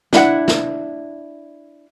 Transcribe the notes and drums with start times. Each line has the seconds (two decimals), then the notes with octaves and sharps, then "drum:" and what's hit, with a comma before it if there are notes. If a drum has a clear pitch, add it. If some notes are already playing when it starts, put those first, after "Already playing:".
0.13 D4 E4 F#5, drum: snare
0.48 drum: snare